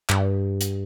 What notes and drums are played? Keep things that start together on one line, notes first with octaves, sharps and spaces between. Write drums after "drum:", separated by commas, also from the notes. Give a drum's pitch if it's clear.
G2, drum: clap
drum: hi-hat